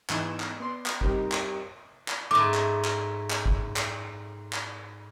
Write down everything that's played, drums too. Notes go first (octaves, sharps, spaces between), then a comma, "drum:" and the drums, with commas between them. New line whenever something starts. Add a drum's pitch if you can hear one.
G#2 E3 B3 D#4 G#5 E7, drum: clap
drum: clap
B3 D5 C6
drum: clap
G3 C4 D#4 G4 A#4, drum: kick
drum: clap
drum: clap
G#2 A3 D6
drum: clap
drum: clap
drum: clap
drum: kick
drum: clap
drum: clap